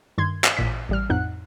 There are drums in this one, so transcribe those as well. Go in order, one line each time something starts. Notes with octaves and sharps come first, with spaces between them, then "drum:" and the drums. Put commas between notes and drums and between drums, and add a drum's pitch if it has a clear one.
G2 D#3 C6 G#6
drum: clap
A1 A#2 B6
A1 G3 F6
F2 A2 D#4 F#5 F#6